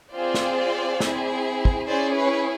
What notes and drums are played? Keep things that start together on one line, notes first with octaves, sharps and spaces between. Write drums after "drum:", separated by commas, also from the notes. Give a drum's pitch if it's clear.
C4 F4 G#4 C5 D5
drum: snare
C4 E4 G#4, drum: snare
drum: kick
C#4 E4 G#4 C5 D5
B4 C#5